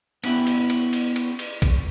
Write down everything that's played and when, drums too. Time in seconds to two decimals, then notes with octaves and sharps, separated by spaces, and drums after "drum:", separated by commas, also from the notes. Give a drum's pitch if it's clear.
0.24 B3 C#4 E4 G4, drum: cymbal
0.47 drum: cymbal
0.70 drum: cymbal
0.93 drum: cymbal
1.16 drum: cymbal
1.39 drum: cymbal
1.62 drum: kick B1, cymbal